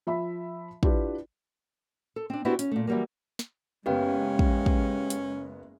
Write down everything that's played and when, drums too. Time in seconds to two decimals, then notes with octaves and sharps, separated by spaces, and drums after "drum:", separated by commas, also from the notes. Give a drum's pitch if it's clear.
0.07 F3 E5 B5
0.83 D4 E4 F4 G4 B4, drum: kick
2.16 A4
2.30 C4 D4
2.45 B3 C4 D4 E4 F#4 G4
2.59 C#4, drum: hi-hat
2.71 A#2 A3
2.87 E3 F#3 G3 A3 A#3
3.39 drum: snare
3.86 F#1 G#3 B3 C#4 G4 F5 G5
4.39 drum: kick
4.66 drum: kick
5.10 drum: hi-hat